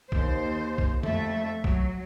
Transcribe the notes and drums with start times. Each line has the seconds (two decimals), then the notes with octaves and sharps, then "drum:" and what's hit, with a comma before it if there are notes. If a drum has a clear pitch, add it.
0.12 D#2 C5, drum: kick
0.78 drum: kick
1.03 F2 A3 A4 E5, drum: tom D3
1.64 F#3, drum: kick